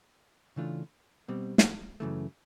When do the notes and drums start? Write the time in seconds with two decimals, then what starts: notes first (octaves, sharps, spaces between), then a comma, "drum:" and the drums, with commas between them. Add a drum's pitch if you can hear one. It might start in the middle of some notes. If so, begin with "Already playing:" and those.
0.56 C#3 E3 A3 D4 F4
1.28 B2 G3 C4
1.58 drum: snare
2.00 F#2 C#3 E3 A3